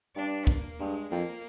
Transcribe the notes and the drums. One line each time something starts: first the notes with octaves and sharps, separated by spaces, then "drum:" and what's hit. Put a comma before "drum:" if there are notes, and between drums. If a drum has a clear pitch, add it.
G2 D4
A#3, drum: kick
G2 G#3
F2 A#3